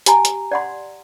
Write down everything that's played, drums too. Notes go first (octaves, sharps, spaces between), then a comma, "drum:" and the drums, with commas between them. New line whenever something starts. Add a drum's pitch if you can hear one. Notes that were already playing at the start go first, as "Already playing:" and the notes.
G4 G#5 A#5, drum: hi-hat
drum: hi-hat
D5 F#5 C6